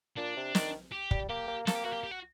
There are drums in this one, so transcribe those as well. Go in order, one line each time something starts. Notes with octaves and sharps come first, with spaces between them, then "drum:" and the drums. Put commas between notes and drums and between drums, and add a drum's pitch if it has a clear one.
A#2 D4
C3
D#3, drum: snare
G4
G3, drum: kick
A#3 G4
A#3
A#3 A4, drum: snare
G4
A#3 F#4
G4
G4
F#4